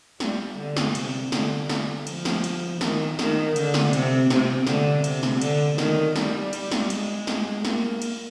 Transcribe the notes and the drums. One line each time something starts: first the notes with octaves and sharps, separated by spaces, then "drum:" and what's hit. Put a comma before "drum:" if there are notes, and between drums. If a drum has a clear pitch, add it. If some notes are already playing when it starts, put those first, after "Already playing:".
G3, drum: snare
D3
drum: snare
C3, drum: cymbal
D3, drum: snare
drum: snare
F3, drum: cymbal
drum: snare
drum: cymbal
D#3, drum: snare
D#3, drum: snare
D3, drum: cymbal
drum: snare
C3, drum: cymbal
C3, drum: snare
D3, drum: snare
C3, drum: cymbal
drum: snare
D3, drum: cymbal
D#3, drum: snare
G3, drum: snare
drum: cymbal
drum: snare
G#3, drum: cymbal
drum: snare
A#3, drum: snare
drum: cymbal